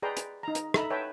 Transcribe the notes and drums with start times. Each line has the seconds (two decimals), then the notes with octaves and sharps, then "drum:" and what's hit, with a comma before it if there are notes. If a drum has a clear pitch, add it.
0.02 G#4 B4 D5 G5 A#5 C6
0.17 drum: hi-hat
0.43 D#4 A#5
0.55 drum: hi-hat
0.74 D#4 A4 E5 A#5 B5, drum: rim click
0.90 B4 C#5 E5 G5 A5